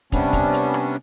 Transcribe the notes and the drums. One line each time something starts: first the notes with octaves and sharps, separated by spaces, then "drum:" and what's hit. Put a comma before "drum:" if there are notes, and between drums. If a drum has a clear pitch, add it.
C3 G3 B3 C#4 D4, drum: kick, hi-hat
drum: kick, hi-hat
drum: hi-hat
drum: rim click